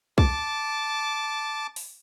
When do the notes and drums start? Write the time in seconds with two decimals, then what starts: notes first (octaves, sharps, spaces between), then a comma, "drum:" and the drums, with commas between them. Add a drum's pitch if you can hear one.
0.18 A5 D6, drum: kick
1.76 drum: open hi-hat